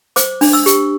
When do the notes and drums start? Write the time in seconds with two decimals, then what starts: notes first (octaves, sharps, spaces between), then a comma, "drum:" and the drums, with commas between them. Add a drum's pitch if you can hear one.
0.16 C5 D6, drum: hi-hat
0.41 D4, drum: open hi-hat
0.53 E6
0.66 G4, drum: hi-hat